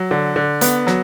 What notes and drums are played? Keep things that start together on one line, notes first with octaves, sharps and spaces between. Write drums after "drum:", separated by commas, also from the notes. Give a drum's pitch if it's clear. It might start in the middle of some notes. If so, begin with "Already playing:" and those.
Already playing: F#3
D3
D3
B3, drum: hi-hat
F#3, drum: snare